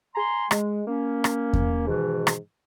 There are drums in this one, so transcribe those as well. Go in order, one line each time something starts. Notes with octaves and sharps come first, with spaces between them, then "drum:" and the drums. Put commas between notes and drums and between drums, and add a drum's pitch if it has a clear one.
G#5 A#5 C6
G#3, drum: rim click
A#3 C#4
drum: rim click
drum: kick E2
G#2 B2 D#3 E3
drum: rim click